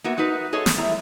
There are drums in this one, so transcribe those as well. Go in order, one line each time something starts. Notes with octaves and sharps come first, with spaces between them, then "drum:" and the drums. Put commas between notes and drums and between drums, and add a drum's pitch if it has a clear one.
A#3 B3 F#4 E5
D#4 F#4 A#4 B4
G#4 A4 C#5 D#5
drum: snare
E2 G3 E4 A#5